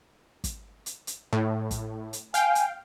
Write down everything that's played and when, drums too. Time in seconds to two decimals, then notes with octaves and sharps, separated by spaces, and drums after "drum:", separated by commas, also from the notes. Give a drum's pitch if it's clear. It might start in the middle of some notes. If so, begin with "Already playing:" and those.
0.44 drum: kick, hi-hat
0.86 drum: hi-hat
1.07 drum: hi-hat
1.33 A2
1.71 drum: kick, hi-hat
2.13 drum: hi-hat
2.34 F5 G5 G#5, drum: hi-hat
2.55 drum: hi-hat